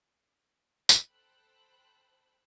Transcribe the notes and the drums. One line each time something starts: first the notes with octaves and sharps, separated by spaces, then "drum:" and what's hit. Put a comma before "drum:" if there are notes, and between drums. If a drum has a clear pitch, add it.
drum: tambourine
A4 C5 G5 B5 F#6